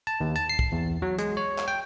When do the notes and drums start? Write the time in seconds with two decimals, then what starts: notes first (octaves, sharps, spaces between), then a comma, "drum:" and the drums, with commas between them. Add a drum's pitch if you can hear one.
0.07 A5
0.21 D#2
0.36 A5
0.49 C7
0.59 drum: kick
0.72 E2
1.02 F#3
1.19 G#3, drum: hi-hat
1.37 C#5
1.58 drum: clap
1.68 G5